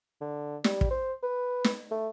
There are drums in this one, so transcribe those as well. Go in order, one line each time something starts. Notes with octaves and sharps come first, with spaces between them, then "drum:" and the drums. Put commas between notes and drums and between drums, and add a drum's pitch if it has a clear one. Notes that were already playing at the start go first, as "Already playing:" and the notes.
D3
G3, drum: snare
drum: kick
C5
B4
drum: snare
A3